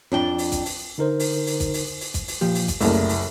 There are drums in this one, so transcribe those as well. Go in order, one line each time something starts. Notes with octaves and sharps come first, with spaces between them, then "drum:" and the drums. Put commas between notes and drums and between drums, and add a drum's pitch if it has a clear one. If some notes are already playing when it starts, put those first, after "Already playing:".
F2 D4 G5
drum: open hi-hat
drum: kick, hi-hat
drum: open hi-hat
D3 D#4 A#4 C5
drum: open hi-hat
drum: open hi-hat
drum: kick, hi-hat
drum: open hi-hat
drum: open hi-hat
drum: kick, hi-hat
drum: open hi-hat
A#2 F3 G4
drum: open hi-hat
drum: kick, hi-hat
F#1 C2 A3 A#3, drum: open hi-hat
drum: open hi-hat